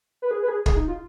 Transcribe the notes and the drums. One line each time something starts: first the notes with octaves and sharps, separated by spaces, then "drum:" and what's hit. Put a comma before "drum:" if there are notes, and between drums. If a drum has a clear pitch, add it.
B4
G#4
B4
G#4
G#4, drum: kick
D#4
F4